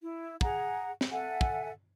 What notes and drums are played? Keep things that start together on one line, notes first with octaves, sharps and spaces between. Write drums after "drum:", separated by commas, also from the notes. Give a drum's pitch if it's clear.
E4
G#4 F#5 A#5, drum: kick
drum: snare
A4 E5 F#5 G#5
drum: kick